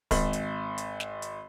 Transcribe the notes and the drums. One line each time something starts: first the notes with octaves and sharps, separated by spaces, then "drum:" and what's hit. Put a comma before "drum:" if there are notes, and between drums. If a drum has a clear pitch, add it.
G#1, drum: kick, open hi-hat
drum: hi-hat
drum: hi-hat
drum: snare
drum: hi-hat